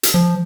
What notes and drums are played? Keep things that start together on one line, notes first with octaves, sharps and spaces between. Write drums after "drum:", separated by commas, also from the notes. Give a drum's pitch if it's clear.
drum: hi-hat
F3